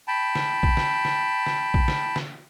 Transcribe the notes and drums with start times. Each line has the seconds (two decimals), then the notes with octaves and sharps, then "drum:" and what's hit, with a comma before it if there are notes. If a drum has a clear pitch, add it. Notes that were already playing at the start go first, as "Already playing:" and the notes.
0.08 G5 A5 B5
0.35 drum: snare
0.63 drum: kick A#1
0.77 drum: snare
1.05 drum: snare
1.46 drum: snare
1.74 drum: kick A#1
1.88 drum: snare
2.16 drum: snare